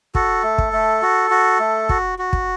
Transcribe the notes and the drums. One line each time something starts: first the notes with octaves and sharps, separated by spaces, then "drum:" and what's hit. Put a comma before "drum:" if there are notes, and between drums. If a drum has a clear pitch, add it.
F#4 A4, drum: kick
A3
drum: kick
A3
F#4
F#4
A3
F#4, drum: kick
F#4
drum: kick